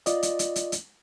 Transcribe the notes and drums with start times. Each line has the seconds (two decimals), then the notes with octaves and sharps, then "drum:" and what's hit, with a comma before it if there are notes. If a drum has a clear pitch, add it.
0.06 F4 D5 D#5, drum: hi-hat
0.23 drum: hi-hat
0.39 drum: hi-hat
0.56 drum: hi-hat
0.72 drum: hi-hat